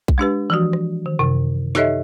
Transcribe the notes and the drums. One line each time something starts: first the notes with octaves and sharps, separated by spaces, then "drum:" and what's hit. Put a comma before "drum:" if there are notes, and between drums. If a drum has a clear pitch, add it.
drum: kick B1
G#3 D4 G4 B4
E3 F3 F#4
drum: rim click
D#3
F#2 C3
D#4 G4 A4 C#5 D#5 E5, drum: snare